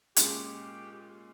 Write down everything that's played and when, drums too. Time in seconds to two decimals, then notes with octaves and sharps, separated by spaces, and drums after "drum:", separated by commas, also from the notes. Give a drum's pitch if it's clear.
0.16 A#2 G#3 C#4 G4 G#4, drum: hi-hat